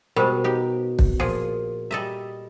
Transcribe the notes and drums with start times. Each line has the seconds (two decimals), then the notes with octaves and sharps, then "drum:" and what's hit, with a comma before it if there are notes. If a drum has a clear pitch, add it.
0.16 B2 G3 G#3 A#4 C5
0.44 D#4 G4
0.99 drum: kick
1.20 A#2 F3 G#4
1.91 G3 A4 D#5 E5 A#5